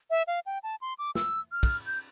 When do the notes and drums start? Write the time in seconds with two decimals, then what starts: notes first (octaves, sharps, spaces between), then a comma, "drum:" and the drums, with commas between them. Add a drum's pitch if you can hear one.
0.10 E5
0.27 F5
0.46 G5
0.63 A5
0.81 C6
0.99 D6
1.15 E6, drum: snare
1.52 F6
1.63 drum: kick, cymbal
1.87 G6